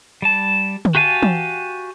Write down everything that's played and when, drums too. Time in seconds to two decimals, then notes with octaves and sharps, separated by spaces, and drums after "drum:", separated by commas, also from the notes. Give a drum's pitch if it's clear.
0.22 G3 A5
0.85 drum: tom D3
0.95 F#4 G4 F5 G#5 A5
1.23 drum: tom E3